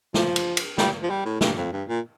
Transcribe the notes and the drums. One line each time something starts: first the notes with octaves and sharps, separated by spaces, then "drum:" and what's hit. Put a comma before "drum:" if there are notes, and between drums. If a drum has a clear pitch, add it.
F3, drum: snare
drum: cymbal
drum: cymbal
G3, drum: snare
F3
G3
A2
G2, drum: snare
F2
G2
A#2